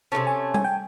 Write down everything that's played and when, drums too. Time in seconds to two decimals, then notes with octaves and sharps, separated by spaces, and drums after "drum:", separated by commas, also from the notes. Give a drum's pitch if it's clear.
0.12 C3 E3 A3 C#4 A5
0.27 G#5
0.54 G#5, drum: tom G3
0.64 G5